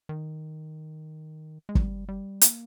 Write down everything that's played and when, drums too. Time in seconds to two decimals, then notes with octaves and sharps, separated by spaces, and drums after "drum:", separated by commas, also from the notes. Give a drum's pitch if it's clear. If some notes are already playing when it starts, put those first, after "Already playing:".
0.09 D#3
1.69 G#3
1.75 G3, drum: kick
2.09 G3
2.41 A#3, drum: hi-hat